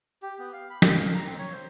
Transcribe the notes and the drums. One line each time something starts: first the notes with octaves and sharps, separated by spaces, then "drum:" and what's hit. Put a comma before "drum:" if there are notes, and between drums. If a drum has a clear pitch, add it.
G4
B3
F5
B5
A4, drum: snare
F5
A#5
C4
C#5
C5